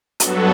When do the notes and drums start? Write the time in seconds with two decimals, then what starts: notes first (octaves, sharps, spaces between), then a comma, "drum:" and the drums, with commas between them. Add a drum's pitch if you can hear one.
0.20 G2 F#3 B3 F#4 A4, drum: hi-hat